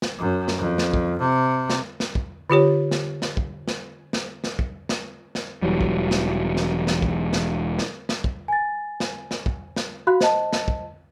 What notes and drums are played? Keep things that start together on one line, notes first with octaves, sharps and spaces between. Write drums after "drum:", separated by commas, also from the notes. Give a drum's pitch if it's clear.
drum: snare
F#2
drum: snare
F2
drum: snare
drum: kick
C3
drum: snare
drum: snare
drum: kick
D3 F4 G4 C#5
drum: snare
drum: snare
drum: kick
drum: snare
drum: snare
drum: snare
drum: kick
drum: snare
drum: snare
E1 E3 F#3 G3
drum: kick
drum: snare
drum: snare
drum: snare
drum: kick
drum: snare
drum: snare
drum: snare
drum: kick
G#5 A6
drum: snare
drum: snare
drum: kick
drum: snare
F#4 F5 B5 F#6
C5 D#5 A5, drum: snare
drum: snare
drum: kick